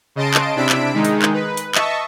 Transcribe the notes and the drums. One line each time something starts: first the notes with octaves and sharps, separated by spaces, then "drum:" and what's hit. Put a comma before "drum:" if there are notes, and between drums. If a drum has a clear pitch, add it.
C#3 D#5 A5 C6 D7
drum: clap
C3 D4 E4 E6 B6 D7
drum: clap
D#3 G#3 D#4
drum: hi-hat
drum: clap
B4
drum: hi-hat
D#5 E5 A5 C#6, drum: clap